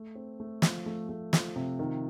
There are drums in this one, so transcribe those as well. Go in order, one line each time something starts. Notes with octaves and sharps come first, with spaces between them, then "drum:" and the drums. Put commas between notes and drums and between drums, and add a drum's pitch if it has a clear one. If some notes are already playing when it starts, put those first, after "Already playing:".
Already playing: A3
C4
A3
F3, drum: snare
A3
A3
F3, drum: snare
C3
D#3